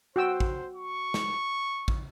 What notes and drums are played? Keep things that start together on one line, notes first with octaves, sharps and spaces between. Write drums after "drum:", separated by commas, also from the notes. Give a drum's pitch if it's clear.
F#4 C5 G5 E6
drum: kick
C#6
drum: snare
drum: kick